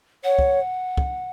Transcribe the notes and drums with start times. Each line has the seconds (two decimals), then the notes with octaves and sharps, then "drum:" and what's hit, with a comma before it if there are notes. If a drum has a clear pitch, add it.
0.24 C#5 F#5
0.39 drum: kick
0.97 drum: kick